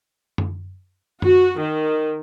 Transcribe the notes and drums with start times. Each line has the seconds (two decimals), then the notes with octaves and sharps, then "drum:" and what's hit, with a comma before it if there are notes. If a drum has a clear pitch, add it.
0.38 drum: tom F#2
1.22 F#4, drum: tom F#2
1.58 D#3